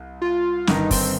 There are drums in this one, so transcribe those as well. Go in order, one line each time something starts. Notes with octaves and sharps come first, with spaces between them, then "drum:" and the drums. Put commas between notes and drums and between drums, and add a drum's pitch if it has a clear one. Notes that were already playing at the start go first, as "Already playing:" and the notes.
Already playing: C2
F4
G1 G2 D#3 D#4, drum: snare
C4, drum: kick, open hi-hat